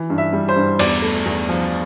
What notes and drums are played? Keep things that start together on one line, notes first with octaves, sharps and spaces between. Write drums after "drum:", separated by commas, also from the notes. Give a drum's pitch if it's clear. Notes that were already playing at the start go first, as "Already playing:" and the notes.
Already playing: E3
G2
E5
G3
C5
G2
E2 D5, drum: cymbal
A3
E2
F3